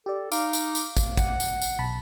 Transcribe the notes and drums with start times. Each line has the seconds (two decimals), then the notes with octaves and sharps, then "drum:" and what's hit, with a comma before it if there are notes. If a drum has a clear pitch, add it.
0.06 G4 A4 D5
0.32 D#4 F5 D6, drum: tambourine
0.53 drum: tambourine
0.75 drum: tambourine
0.97 drum: kick, tambourine
1.17 F#5, drum: kick, tambourine
1.40 drum: tambourine
1.62 drum: tambourine
1.79 B1 A5 B5